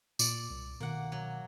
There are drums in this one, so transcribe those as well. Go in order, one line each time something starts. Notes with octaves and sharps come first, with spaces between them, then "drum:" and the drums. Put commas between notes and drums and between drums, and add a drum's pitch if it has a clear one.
A#2 D5, drum: tambourine
C2
B2 D#3 A#3 F#5
F#3